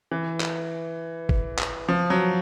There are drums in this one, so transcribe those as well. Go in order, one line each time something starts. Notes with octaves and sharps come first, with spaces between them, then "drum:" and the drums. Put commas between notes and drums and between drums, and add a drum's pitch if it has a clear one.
E3
drum: clap
drum: kick
drum: clap
F3
F#3